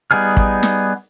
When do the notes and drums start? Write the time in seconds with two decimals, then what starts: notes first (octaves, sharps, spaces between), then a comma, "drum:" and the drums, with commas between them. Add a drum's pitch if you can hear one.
0.11 G3 B3 D#4 G#4 F6
0.37 drum: kick
0.63 drum: snare